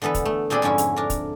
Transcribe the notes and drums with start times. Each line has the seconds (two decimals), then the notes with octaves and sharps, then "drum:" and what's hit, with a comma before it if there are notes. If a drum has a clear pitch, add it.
0.02 D3 E3 B3 A4 B4
0.14 drum: kick, hi-hat
0.25 A3
0.50 A#2 C4 D4 G#4 D5 B5
0.62 F2 G#2 D3 C#4 E4
0.78 drum: hi-hat
0.96 D4 A#4
1.10 drum: kick, hi-hat